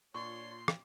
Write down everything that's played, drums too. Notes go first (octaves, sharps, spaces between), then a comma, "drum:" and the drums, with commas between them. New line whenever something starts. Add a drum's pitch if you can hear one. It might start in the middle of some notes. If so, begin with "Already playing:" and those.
A#2 D4 F4 C#5 C6 C#6
drum: rim click